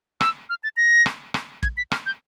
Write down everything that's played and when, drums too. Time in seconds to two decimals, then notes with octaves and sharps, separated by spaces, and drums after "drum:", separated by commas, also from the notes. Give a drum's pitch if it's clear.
0.21 E6, drum: rim click
0.50 F6
0.64 A6
0.77 A#6
1.06 drum: rim click
1.34 drum: rim click
1.63 G#6, drum: kick
1.77 B6
1.92 F6, drum: rim click
2.06 G6